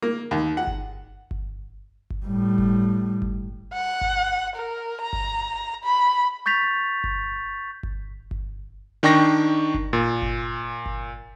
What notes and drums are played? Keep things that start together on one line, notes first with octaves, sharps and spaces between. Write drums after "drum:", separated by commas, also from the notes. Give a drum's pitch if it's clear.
A#3
D#2
F#5
drum: kick G1
drum: kick G1
drum: kick G1
A2 G3
drum: kick G1
drum: kick G1
F#5
drum: kick G1
A#4
A#5
drum: kick G1
B5
C#6 G6 A6 B6 F7
drum: kick G1
drum: kick G1
drum: kick G1
D#3 D4 G5 C#6 A#6
drum: kick G1
A#2
drum: kick G1
drum: kick G1